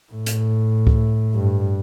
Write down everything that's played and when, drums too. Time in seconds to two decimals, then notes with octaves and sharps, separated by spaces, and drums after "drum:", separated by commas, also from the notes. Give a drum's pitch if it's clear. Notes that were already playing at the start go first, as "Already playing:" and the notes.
0.12 A2
0.26 drum: hi-hat
0.87 drum: kick C#2
1.34 G2